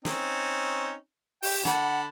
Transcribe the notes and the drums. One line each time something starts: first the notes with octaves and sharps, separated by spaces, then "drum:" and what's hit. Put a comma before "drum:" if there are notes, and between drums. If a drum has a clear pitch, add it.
C4 C#4 D#4, drum: snare
G4 G5, drum: open hi-hat
D3 F#5 A5 B5, drum: snare